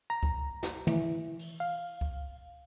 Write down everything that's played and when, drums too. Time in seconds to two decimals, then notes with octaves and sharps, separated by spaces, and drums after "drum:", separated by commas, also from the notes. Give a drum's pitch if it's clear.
0.10 A#5
0.23 drum: kick C#2
0.63 drum: snare
0.87 E3, drum: tom
1.39 drum: open hi-hat
1.60 F5
2.01 drum: kick C#2